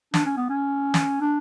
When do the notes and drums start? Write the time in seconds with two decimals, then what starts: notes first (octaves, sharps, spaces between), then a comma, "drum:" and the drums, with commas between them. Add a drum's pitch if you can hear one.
0.14 D4, drum: snare
0.25 C#4
0.37 B3
0.49 C#4
0.94 drum: snare
1.21 D4